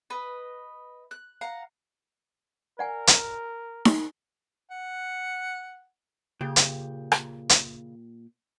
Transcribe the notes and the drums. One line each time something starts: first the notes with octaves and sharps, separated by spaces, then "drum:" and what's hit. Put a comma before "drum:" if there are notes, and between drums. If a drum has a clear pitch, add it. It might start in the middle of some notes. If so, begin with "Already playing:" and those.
B4 D#5
F#6
F5 F#5 A#5
A#4 D5 F#5 G#5
drum: hi-hat
drum: snare D#4
F#5
A#2 C#3 G4
drum: hi-hat
drum: rim click
drum: hi-hat